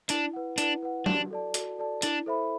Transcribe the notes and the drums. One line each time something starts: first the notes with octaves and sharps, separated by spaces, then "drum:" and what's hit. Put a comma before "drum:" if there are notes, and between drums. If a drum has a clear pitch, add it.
D4 E4, drum: hi-hat
B4 F#5
D4 E4, drum: hi-hat
B4 F#5
D4 F#4, drum: tom F#3
A4 D5 A5
F#4, drum: hi-hat
A4 D5 A5
D4 E4, drum: hi-hat
A4 C5 E5 B5